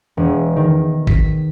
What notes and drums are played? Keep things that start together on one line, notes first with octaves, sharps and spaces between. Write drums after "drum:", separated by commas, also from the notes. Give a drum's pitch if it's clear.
E1
D#3
B6, drum: kick